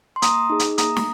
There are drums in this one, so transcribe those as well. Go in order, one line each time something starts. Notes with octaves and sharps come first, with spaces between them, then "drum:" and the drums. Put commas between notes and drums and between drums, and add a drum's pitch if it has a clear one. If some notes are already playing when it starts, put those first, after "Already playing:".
C6
A#3 A#5 D#6, drum: hi-hat
D#4 G#4
drum: hi-hat
A#3 A#5 D#6, drum: hi-hat
drum: snare